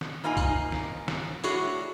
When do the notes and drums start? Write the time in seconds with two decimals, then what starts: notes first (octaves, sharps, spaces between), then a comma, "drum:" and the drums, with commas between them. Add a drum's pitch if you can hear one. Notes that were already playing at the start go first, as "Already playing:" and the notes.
0.01 drum: snare
0.24 G#2 A#3 D#4 F4 G#5 A#5
0.37 drum: kick C2, tambourine
0.72 drum: snare
1.08 drum: snare
1.44 A2 D4 F#4 G#4 C#5, drum: tambourine